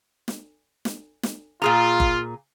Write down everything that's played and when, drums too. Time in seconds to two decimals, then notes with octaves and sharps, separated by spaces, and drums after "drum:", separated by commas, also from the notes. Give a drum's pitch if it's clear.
0.28 drum: snare
0.85 drum: snare
1.23 drum: snare
1.62 A#2 F4 G#4 A#5
2.00 drum: kick F#1